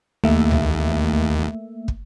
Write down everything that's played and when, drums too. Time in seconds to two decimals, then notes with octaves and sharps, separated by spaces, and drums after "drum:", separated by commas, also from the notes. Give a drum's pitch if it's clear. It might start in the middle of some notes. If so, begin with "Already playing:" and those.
0.24 D#2 A3 A#3 E5
0.51 drum: tom C#2
1.88 drum: kick